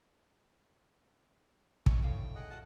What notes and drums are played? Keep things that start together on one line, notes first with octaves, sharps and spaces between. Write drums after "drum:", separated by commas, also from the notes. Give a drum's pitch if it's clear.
E2 D#3 G3 E4 C#5, drum: kick
A2 D#4 F4 F5 G5 G#5
G#4 D#5 F#5
F4 F#4 D#5 F#5 A5